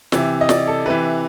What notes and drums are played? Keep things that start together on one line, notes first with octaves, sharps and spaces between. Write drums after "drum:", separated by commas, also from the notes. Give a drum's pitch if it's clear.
C3 E3, drum: snare
D#5
D5, drum: snare
A4
C3 E3 B4